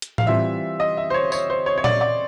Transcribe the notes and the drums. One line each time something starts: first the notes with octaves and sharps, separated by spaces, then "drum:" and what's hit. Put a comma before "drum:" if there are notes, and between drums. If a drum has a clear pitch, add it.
drum: hi-hat
F5, drum: tom A2
E3 G3 C4 F4 E5
D#5
E5
C5
C#5
C#5, drum: tambourine
C5
C#5
C#5
D5, drum: tom A#2
D5